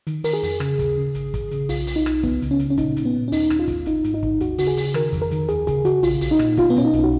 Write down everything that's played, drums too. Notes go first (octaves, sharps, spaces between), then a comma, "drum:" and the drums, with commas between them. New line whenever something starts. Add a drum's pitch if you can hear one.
D#3, drum: hi-hat
D#3 A#4, drum: open hi-hat
G#4
F2, drum: open hi-hat
C#3, drum: rim click
D#2, drum: kick, hi-hat
C#3
G#1, drum: hi-hat
G#1, drum: kick, hi-hat
C#3, drum: hi-hat
B1 F4, drum: open hi-hat
B1, drum: open hi-hat
D#4
B1, drum: rim click
C#2 B3, drum: kick
C#3, drum: hi-hat
C#4
C#3, drum: hi-hat
C#4
A#2 D#4, drum: kick, hi-hat
A#2, drum: hi-hat
B3
A#2
C#4
D#2 D#4, drum: open hi-hat
D#2, drum: rim click
F4
D#2, drum: kick, hi-hat
G#1 D#4, drum: hi-hat
G#2, drum: hi-hat
D#4
G#1, drum: kick
D#2 F#4, drum: hi-hat
C#3 F#4, drum: open hi-hat
G#4
C#3, drum: open hi-hat
D#3 A#4, drum: rim click
F2, drum: kick, hi-hat
A#4
D#3, drum: hi-hat
D#2 G#4, drum: hi-hat
C#3 G#4, drum: kick, hi-hat
C#3 F#4, drum: hi-hat
A#1 F4, drum: open hi-hat
A#1, drum: open hi-hat
D#4
A#2, drum: rim click
B2 F4, drum: kick, hi-hat
B3
B2 C#4, drum: hi-hat
D#4
B1, drum: hi-hat
F#4